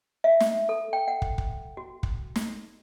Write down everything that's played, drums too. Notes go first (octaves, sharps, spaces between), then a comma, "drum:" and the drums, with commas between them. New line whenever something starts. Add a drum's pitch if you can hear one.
E5
drum: snare
A4
G5
F#5
drum: kick
drum: kick
F#4
drum: kick
drum: snare